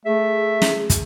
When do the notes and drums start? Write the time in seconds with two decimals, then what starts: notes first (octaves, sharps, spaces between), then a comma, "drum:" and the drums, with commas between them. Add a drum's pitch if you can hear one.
0.06 A3 G#4 E5
0.62 drum: snare
0.90 drum: kick, hi-hat